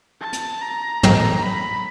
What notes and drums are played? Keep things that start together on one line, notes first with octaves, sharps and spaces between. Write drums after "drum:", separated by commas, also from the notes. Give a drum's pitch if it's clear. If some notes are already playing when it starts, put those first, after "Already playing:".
A5
drum: hi-hat
A#5
drum: tom
B5